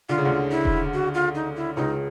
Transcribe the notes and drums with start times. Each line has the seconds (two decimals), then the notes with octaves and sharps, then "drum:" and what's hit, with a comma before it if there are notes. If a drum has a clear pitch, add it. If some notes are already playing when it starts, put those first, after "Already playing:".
0.09 D3 F4
0.18 C#3
0.25 D2 D3
0.51 E4
0.65 drum: kick E1
0.94 F#4
1.14 F4
1.35 D#4
1.56 E4
1.76 C#2 C#3 D#4